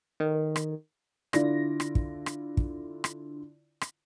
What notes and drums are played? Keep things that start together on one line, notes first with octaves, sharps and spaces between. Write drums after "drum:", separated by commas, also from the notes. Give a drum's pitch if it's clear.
D#3
drum: rim click
D3 E4 F4 D5 A#6, drum: rim click
drum: rim click
drum: kick
drum: rim click
drum: kick
drum: rim click
drum: rim click